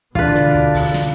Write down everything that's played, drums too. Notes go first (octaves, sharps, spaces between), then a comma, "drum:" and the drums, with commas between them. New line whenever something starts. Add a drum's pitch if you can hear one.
B2 D3 E3 D4 F4 B4, drum: kick
drum: hi-hat
drum: kick
drum: kick, open hi-hat
drum: snare